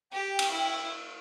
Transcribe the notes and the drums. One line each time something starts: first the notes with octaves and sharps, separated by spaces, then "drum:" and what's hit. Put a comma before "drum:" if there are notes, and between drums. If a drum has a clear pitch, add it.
G4 G5
drum: cymbal
E4